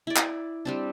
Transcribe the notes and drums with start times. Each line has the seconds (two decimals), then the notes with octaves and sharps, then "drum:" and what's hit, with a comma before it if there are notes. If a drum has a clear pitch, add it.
0.07 E4 D5
0.16 drum: clap
0.65 G3 C4 D4